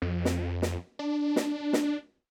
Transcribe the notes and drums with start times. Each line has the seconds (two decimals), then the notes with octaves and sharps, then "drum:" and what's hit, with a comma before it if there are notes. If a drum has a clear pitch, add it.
0.02 F2
0.25 drum: snare
0.62 drum: snare
0.99 D4
1.36 drum: snare
1.73 drum: snare